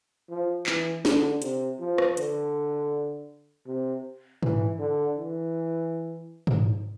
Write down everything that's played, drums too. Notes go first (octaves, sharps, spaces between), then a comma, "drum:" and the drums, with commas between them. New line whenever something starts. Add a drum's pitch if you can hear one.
F3
E3, drum: clap
D3, drum: snare
C3, drum: hi-hat
F3
drum: rim click
D3, drum: hi-hat
C3
E3, drum: tom G#2
D3
E3
drum: tom G#2